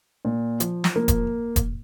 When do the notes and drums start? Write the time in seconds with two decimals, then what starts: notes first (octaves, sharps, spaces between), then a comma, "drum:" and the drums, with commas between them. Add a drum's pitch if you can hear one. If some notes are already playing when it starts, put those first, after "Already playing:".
0.25 A#2
0.60 F3, drum: hi-hat
0.84 drum: snare
0.96 A#3
1.08 drum: kick E1, hi-hat
1.56 drum: kick E1, hi-hat